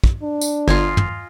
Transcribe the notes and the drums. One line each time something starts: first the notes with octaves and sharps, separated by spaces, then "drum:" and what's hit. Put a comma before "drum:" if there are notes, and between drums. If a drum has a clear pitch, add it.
drum: kick
D4
drum: tambourine
G1 F4 D#5 G#5
drum: tom